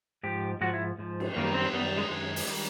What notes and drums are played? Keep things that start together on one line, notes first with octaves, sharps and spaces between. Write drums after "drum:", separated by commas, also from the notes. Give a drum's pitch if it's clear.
G#2 F3 G4
G#2 F3 F#4
E4
G#2 F3
drum: cymbal
F#2 D#3 G3 A#3
C4
F#2 D#3 G3 B3
G#3
F#2 D#3 G#3
drum: open hi-hat
D#3 G3